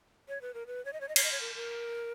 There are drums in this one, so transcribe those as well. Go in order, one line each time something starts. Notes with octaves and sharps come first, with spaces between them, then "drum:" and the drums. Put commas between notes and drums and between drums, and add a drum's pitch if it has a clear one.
C#5
B4
A#4
B4
C#5
D#5
C#5
D#5
C#5, drum: cymbal
D#5
C#5
A#4
A#4